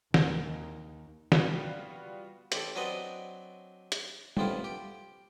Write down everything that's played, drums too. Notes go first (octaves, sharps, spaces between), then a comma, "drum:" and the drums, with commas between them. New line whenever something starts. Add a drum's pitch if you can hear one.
D#2 D#4, drum: snare
G3 B3 F4 F#4, drum: snare
A1 G4 A4, drum: hi-hat
F#3 C4 D4 F#4 B4 D#5
drum: hi-hat
A1 F2 C3 B3 E4 F4, drum: tom G3
G4